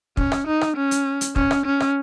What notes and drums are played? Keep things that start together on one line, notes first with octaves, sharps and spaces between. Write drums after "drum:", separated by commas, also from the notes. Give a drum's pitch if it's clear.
C#4, drum: kick
drum: rim click
D#4
drum: rim click
C#4
drum: hi-hat
drum: hi-hat
C#4, drum: kick
drum: rim click
C#4
drum: rim click